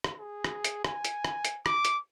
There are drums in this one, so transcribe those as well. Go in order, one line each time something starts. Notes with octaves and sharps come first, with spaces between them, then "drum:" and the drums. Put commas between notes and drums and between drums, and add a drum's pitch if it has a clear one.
drum: rim click
G#4
drum: rim click
drum: hi-hat
G#5, drum: rim click
drum: hi-hat
drum: rim click
drum: hi-hat
D6, drum: rim click
drum: hi-hat